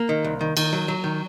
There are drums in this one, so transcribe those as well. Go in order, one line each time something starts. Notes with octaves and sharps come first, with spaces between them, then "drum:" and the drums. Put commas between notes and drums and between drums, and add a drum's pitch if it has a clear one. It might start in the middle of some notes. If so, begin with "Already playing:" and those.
Already playing: A#3
D#3
C2
D#3
D#3, drum: cymbal
F#3
F#3
D#3